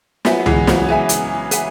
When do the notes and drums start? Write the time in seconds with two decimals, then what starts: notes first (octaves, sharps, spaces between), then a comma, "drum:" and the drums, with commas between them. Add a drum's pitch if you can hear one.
0.25 F#3 B3 B4 E5 G#5, drum: snare
0.46 E3 G#3, drum: tom
0.67 C#3 F#3, drum: snare
0.89 B4 E5 G#5
1.09 drum: hi-hat
1.51 B4 E5 G#5, drum: hi-hat